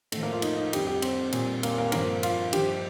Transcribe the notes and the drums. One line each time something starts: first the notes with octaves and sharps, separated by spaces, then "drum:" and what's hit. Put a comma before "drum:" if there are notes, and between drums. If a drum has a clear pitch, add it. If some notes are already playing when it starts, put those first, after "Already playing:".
A2 F3 A3, drum: cymbal
A#3
F4
D#4, drum: cymbal
D#4
F2 D3 G3 G4, drum: cymbal
G4
C4, drum: cymbal
A#2 G3, drum: cymbal
A#3, drum: cymbal
A#3
G2 D3 F3 A#3, drum: cymbal
F4, drum: cymbal
G2 F3 G4, drum: cymbal